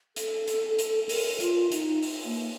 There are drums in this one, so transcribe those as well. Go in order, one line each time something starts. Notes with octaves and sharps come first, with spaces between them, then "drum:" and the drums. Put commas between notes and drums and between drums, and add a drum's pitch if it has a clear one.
A4, drum: hi-hat
drum: hi-hat
drum: hi-hat
A#4, drum: open hi-hat
F4, drum: hi-hat
D#4, drum: hi-hat
drum: open hi-hat
A#3